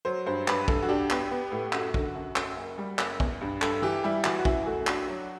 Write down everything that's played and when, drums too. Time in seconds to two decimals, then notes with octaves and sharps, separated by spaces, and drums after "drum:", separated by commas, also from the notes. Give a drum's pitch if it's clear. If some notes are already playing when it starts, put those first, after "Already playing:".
0.05 F#3 C5
0.26 G2 C5
0.48 G2 B4, drum: clap
0.68 G2 A4, drum: kick
0.82 F#4
0.89 D4 G4
1.10 B3, drum: clap
1.31 B3
1.52 A2
1.72 F#2 F#4, drum: clap
1.94 D3, drum: kick
2.15 F#2
2.36 F#2, drum: clap
2.57 F#1
2.78 G3
2.99 F#1, drum: clap
3.20 E2, drum: kick
3.41 G2
3.62 G2 A4, drum: clap
3.82 E3 G4
4.04 G3 E4
4.24 E3 F#4, drum: clap
4.39 F#4
4.45 F#2 E4, drum: kick
4.66 A3 F#4
4.87 D4 F#4, drum: clap
5.08 F#3